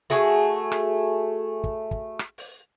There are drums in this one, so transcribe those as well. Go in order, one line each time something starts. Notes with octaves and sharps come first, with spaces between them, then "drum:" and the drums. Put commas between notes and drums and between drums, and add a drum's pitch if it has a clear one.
A3 F#4 G#4 G#5
drum: rim click
drum: kick
drum: kick
drum: rim click
drum: open hi-hat